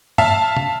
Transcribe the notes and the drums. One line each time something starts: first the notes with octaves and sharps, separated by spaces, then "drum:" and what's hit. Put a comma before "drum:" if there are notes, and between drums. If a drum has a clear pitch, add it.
E5 F5 A5, drum: tom
drum: tom